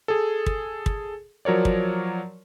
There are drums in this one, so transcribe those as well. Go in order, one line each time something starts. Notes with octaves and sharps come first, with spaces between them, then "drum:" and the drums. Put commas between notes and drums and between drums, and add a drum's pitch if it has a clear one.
G#4 A4
drum: kick
drum: kick
F3 F#3 A#4 C#5 D5
drum: kick